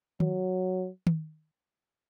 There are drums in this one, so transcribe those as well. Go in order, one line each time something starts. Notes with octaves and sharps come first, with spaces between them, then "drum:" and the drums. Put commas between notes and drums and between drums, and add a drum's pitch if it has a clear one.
F#3, drum: tom D#3
drum: tom D#3